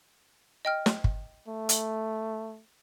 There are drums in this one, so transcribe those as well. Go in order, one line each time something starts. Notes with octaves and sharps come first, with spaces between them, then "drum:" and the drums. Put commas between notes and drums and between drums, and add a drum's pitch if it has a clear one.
D#5 G5 F6
drum: snare
drum: kick
A3
drum: hi-hat